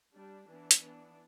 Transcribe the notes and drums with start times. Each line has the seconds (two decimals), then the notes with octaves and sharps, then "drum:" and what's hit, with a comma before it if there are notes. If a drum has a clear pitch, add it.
0.15 G3 D4
0.49 E3 B3 D4
0.71 drum: hi-hat
0.83 E3 B3 D4